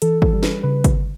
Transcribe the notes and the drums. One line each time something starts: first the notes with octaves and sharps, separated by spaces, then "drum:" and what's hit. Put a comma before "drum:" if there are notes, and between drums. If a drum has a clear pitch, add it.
E3 A4, drum: hi-hat
A4, drum: kick
G3
B4, drum: snare
C#3 B4
drum: kick, hi-hat